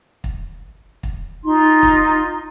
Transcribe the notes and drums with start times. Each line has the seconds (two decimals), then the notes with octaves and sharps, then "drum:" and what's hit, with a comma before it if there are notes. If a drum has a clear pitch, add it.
0.24 drum: kick
1.03 drum: kick
1.43 D#4 F4 C6
1.83 drum: kick